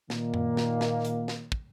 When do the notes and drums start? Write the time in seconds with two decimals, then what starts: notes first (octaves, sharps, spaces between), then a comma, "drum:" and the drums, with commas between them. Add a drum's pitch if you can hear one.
0.10 A#2 D#3 A#3, drum: snare
0.34 drum: tom F#2
0.57 drum: snare
0.81 drum: snare
1.05 drum: hi-hat
1.28 drum: snare
1.52 drum: kick